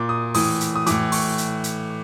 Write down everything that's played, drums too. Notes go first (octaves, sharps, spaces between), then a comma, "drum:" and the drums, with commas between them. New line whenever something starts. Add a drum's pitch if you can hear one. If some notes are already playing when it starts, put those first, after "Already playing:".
Already playing: A#2 D6
D#6
A2 E3 D#6, drum: open hi-hat
drum: hi-hat
D#6
A2 E3 D6, drum: hi-hat
C#6, drum: open hi-hat
drum: hi-hat
drum: hi-hat